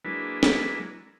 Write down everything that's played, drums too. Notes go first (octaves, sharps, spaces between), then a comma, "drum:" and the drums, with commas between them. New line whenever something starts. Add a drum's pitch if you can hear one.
F#3 G#3 A#3 D4 E4 B4
drum: snare